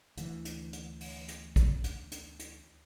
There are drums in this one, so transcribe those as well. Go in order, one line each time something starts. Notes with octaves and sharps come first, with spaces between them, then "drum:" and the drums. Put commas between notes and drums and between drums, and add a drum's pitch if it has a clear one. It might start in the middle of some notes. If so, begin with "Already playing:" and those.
D2 E3, drum: hi-hat
drum: hi-hat
drum: hi-hat
drum: open hi-hat
drum: hi-hat
drum: kick, hi-hat
drum: hi-hat
drum: hi-hat
drum: hi-hat